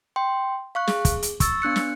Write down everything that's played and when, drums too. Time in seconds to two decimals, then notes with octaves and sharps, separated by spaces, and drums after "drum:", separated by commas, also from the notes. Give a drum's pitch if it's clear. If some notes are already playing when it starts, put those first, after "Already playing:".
0.16 G5 C6
0.75 F5 C#6 F#6
0.88 G#4, drum: snare
1.05 drum: kick, hi-hat
1.22 drum: hi-hat
1.40 C#6 E6 A6, drum: kick, hi-hat
1.62 B3 D4 F#6 C#7
1.76 drum: snare